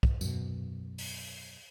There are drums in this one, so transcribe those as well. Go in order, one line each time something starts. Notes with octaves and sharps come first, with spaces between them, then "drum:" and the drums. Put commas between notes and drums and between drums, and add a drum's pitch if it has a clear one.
drum: kick
F#2 B2, drum: tambourine
drum: open hi-hat